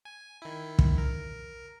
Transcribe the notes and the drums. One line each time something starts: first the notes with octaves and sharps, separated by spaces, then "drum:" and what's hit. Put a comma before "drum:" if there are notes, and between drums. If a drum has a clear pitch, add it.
G#5
D#3 E4
drum: kick
A#4